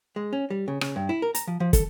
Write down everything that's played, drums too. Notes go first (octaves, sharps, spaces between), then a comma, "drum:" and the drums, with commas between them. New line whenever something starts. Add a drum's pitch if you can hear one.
G#3
C#4
G3
C#3
C#3, drum: rim click
G2
E4
A#4
A#5, drum: hi-hat
F3
F3
A4, drum: kick, hi-hat